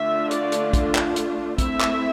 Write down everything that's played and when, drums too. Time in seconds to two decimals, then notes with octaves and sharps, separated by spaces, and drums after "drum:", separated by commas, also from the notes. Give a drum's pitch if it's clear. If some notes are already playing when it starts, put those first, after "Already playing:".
Already playing: D3 A3 D4 F4 E5
0.31 D5, drum: hi-hat
0.52 drum: hi-hat
0.74 drum: kick, hi-hat
0.95 drum: clap
1.16 drum: hi-hat
1.58 A3 C4 E4 E5, drum: kick, hi-hat
1.80 drum: clap